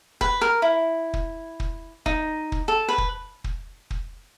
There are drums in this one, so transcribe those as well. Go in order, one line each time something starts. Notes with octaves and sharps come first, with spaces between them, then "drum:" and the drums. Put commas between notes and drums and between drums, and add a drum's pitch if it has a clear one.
B4, drum: kick
A#4
E4
drum: kick
drum: kick
D#4, drum: kick
drum: kick
A4
B4
drum: kick
drum: kick
drum: kick